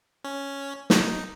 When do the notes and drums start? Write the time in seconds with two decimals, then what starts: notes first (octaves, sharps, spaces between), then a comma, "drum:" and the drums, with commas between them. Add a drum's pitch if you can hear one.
0.24 C#4
0.90 D#4, drum: snare